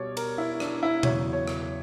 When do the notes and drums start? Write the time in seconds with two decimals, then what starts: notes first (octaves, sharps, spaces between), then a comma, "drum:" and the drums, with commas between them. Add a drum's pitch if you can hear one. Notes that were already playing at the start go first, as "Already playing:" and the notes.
Already playing: B2 G3 C#5 D5
0.17 A#4, drum: cymbal
0.38 E4
0.60 D4, drum: rim click
0.83 E4
1.03 E2 C#3 F#3 C#5, drum: tom B2
1.33 C#5
1.48 drum: rim click